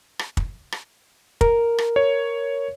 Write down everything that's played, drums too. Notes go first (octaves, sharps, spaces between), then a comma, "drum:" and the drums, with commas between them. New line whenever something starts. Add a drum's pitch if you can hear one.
drum: rim click
drum: kick
drum: rim click
A#4, drum: kick
drum: rim click
C#5